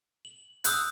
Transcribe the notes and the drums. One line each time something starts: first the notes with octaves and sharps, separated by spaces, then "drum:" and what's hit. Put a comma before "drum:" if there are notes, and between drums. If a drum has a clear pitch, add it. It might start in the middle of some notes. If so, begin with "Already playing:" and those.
F#7
D#6 E6 F#6 G6, drum: hi-hat